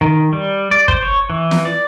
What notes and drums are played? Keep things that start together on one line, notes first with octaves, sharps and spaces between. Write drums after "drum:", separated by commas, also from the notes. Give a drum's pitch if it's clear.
D#3
G3
D5
C5, drum: kick
C#5
E3
drum: snare
D5